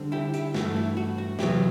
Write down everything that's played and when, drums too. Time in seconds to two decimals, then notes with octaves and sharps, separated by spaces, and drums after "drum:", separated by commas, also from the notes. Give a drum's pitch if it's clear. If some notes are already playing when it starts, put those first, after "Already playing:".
Already playing: D3 G3 C4
0.12 E4 G4
0.34 E4 G4, drum: hi-hat
0.54 G2 E3 A3 F#4, drum: snare
0.76 E4
0.97 F#4
1.18 F#4
1.39 E2 C3 F#3 B3 E4 G4, drum: snare